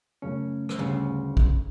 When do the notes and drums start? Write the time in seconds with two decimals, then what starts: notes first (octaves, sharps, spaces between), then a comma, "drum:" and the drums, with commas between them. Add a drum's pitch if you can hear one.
0.22 F#2 C#3 A3 C#4
0.69 drum: rim click
0.79 D2 G2 C#3
1.37 drum: kick A#1